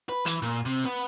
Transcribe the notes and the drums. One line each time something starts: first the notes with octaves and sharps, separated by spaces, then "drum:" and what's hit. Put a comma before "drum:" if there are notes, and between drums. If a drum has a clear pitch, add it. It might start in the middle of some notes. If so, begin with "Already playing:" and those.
B4
E3, drum: hi-hat
A#2
C3
B3